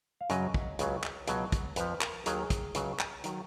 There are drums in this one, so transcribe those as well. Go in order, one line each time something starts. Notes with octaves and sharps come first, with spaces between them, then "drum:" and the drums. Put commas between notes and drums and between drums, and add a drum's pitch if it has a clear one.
F5
F#2 C#3 F#3 D#5, drum: hi-hat
drum: kick
C#2 C#3 F#3, drum: hi-hat
drum: clap
C#2 B2 F#3, drum: hi-hat
drum: kick, hi-hat
F2 F3 B4, drum: hi-hat
A#4, drum: clap
D#2 D#3 F#3 G#4, drum: hi-hat
drum: kick, hi-hat
C#2 C#3 F#3, drum: hi-hat
drum: clap
D#3 F#3, drum: hi-hat